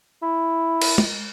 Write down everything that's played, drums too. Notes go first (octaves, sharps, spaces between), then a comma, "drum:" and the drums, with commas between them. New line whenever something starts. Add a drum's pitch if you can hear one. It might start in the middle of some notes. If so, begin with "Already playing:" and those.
E4
drum: cymbal
drum: tom G#3